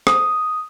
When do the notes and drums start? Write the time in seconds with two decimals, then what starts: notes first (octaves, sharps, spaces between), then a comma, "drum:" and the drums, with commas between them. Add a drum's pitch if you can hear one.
0.07 D#6, drum: rim click